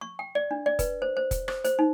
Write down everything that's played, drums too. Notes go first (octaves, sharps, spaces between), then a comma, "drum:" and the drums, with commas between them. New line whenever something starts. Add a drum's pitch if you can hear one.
C#6
G5
D5
D4
D5
B4, drum: kick, hi-hat
C5
C5
drum: kick, hi-hat
C5, drum: rim click
C5, drum: hi-hat
D#4